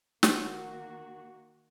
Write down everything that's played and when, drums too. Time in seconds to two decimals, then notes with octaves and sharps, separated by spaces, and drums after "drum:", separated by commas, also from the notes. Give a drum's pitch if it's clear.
0.23 D#3 A#3 F#4, drum: snare